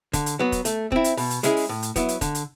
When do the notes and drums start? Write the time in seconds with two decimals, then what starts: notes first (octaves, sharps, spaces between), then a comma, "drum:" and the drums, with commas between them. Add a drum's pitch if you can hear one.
0.13 D3, drum: kick, hi-hat
0.26 drum: hi-hat
0.39 F#3 B3
0.52 drum: kick, hi-hat
0.65 A3, drum: hi-hat
0.92 C4 E4, drum: kick
1.04 drum: hi-hat
1.17 B2, drum: open hi-hat
1.30 drum: hi-hat
1.43 G#3 C#4 E4 G#4, drum: hi-hat
1.56 drum: open hi-hat
1.69 A2
1.82 drum: hi-hat
1.96 F#3 B3 E4, drum: kick, hi-hat
2.09 drum: hi-hat
2.21 D3, drum: kick, hi-hat
2.35 drum: hi-hat